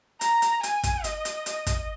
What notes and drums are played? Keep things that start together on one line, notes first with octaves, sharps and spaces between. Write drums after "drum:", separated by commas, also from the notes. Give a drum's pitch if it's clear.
A#5, drum: hi-hat
drum: hi-hat
G#5, drum: hi-hat
drum: kick, hi-hat
D#5, drum: hi-hat
drum: hi-hat
D#5, drum: hi-hat
drum: kick, hi-hat